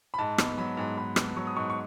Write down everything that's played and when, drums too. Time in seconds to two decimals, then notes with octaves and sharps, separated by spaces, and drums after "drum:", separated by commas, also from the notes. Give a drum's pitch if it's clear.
0.14 B5
0.18 G#2 A5
0.38 B3, drum: rim click
0.58 F#3 B5
0.77 G#2
0.97 G#2 B5
1.16 B3, drum: rim click
1.36 F#3 C#6
1.47 D#6
1.56 G#2 C#6
1.70 C#6